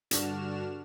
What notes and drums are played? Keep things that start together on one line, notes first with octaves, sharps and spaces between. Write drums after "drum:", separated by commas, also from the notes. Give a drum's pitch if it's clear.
G2 D3 D4 F#4 F6 E7, drum: hi-hat